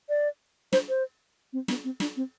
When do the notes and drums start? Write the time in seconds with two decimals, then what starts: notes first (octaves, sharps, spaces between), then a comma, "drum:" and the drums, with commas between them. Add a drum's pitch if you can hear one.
0.09 D5
0.73 C5, drum: snare
0.89 C5
1.53 C4
1.68 B3, drum: snare
1.84 C4
2.00 D4, drum: snare
2.16 C4